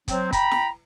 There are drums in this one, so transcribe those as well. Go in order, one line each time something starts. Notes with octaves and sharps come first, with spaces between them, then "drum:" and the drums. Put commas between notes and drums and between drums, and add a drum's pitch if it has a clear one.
F#3 C4, drum: kick, hi-hat
G5 A#5 B5, drum: kick, hi-hat
drum: snare